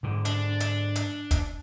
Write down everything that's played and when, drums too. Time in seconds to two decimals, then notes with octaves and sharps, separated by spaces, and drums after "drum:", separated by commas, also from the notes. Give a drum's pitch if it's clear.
0.03 G#2 D3
0.25 D4, drum: hi-hat
0.60 drum: hi-hat
0.96 drum: hi-hat
1.31 drum: kick, hi-hat